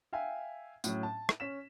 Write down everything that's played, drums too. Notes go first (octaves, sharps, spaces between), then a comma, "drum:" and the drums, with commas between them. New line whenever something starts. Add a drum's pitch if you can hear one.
E5 F5 G5 G#5
A2 F#3 C#4, drum: tambourine
A5
drum: rim click
C#4 B6 E7